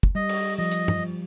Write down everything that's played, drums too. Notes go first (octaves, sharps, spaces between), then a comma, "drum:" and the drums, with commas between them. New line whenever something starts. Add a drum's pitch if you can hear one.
drum: kick
G3 D#5
drum: cymbal
F3 D#5
drum: hi-hat
drum: tom G2